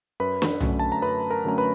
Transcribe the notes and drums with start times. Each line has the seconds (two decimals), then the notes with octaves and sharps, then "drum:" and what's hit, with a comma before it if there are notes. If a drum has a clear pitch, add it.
0.20 F#2 B4 B5
0.42 drum: snare
0.60 D3 F#3 A3 C#4, drum: tom
0.79 A5
0.92 A#5
1.02 F#2 B4 B5
1.30 A#4 A#5
1.44 D3 F#3 A3 C#4 A#5
1.58 B4 B5